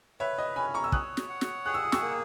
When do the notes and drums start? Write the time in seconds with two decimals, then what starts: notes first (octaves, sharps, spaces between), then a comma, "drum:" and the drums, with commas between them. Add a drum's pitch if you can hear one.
0.20 B4 C#5 E5
0.38 D#5
0.56 C#4 G#5 B5
0.74 A#5 C#6
0.84 E6
0.92 C#5 D#6 F#6, drum: kick
1.17 drum: snare
1.29 F#5
1.41 drum: snare
1.66 G#4 F#6
1.74 E6
1.83 D#6
1.92 C#6 E6, drum: snare
2.02 A#3